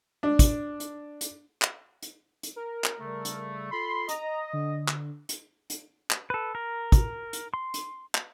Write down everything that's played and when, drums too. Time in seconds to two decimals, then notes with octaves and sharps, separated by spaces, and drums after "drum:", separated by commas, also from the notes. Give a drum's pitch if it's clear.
0.23 D4
0.39 drum: kick, hi-hat
0.80 drum: hi-hat
1.21 drum: hi-hat
1.62 drum: clap
2.03 drum: hi-hat
2.43 drum: hi-hat
2.56 A#4
2.84 drum: clap
3.00 C#3 G3 A3
3.25 drum: hi-hat
3.71 F4 A4 B5 C6
4.09 D#5 A#5, drum: hi-hat
4.53 D3
4.88 drum: clap
5.29 drum: hi-hat
5.70 drum: hi-hat
6.11 drum: clap
6.30 A4 B4
6.55 A#4
6.92 drum: kick, hi-hat
7.33 drum: hi-hat
7.54 C6
7.74 drum: hi-hat
8.15 drum: clap